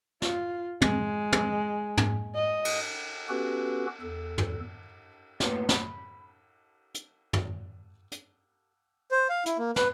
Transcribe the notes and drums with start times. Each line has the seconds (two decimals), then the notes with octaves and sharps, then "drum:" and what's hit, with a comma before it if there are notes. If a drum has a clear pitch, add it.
0.22 F4, drum: snare
0.81 G#3, drum: tom
1.32 drum: tom
1.97 drum: tom
2.35 D#5
2.65 drum: cymbal
3.29 B3 C#4 F#4 G4 A4 B4
4.01 E2 A4
4.38 drum: tom
5.40 A2 A#3 B3 C#5 C6, drum: snare
5.69 B5, drum: snare
6.94 drum: hi-hat
7.33 drum: tom
8.12 drum: hi-hat
9.11 C5
9.29 F5
9.46 E4, drum: hi-hat
9.58 A#3
9.76 B4, drum: snare